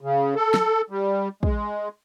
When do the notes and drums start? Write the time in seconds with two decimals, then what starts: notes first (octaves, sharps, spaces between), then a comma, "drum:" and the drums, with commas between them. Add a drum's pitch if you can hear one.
0.01 C#3
0.36 A4
0.54 drum: snare
0.90 G3
1.43 G#3, drum: kick